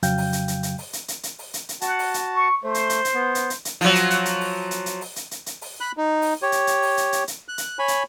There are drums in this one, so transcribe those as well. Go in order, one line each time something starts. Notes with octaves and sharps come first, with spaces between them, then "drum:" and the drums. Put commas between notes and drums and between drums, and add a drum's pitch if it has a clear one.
F2 C#3 F#3 F5 G5 G6, drum: hi-hat
drum: open hi-hat
drum: hi-hat
drum: hi-hat
drum: hi-hat
drum: open hi-hat
drum: hi-hat
drum: hi-hat
drum: hi-hat
drum: open hi-hat
drum: hi-hat
drum: hi-hat
F#4 F#5 A5, drum: hi-hat
drum: open hi-hat
drum: hi-hat
C#6
A3 C5
drum: hi-hat
drum: hi-hat
drum: hi-hat
B3
drum: hi-hat
drum: hi-hat
drum: hi-hat
F3 F#3, drum: open hi-hat
drum: hi-hat
drum: hi-hat
drum: hi-hat
drum: open hi-hat
drum: hi-hat
drum: hi-hat
drum: open hi-hat
drum: hi-hat
drum: hi-hat
drum: hi-hat
drum: open hi-hat
B5 F#6
D#4
drum: open hi-hat
G4 C#5
drum: hi-hat
drum: hi-hat
drum: open hi-hat
drum: hi-hat
drum: hi-hat
drum: hi-hat
F#6
drum: hi-hat
C#5 G#5 B5
drum: hi-hat